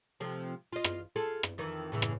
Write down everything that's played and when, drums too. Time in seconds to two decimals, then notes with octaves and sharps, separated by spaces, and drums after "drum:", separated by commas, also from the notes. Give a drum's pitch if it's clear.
0.20 C3 F3 A3
0.73 F4 D#5
0.84 drum: rim click
1.16 F4 G#4 A4
1.43 drum: rim click
1.58 F2 D#3 E3
1.92 A2 C#3 E3
2.02 drum: rim click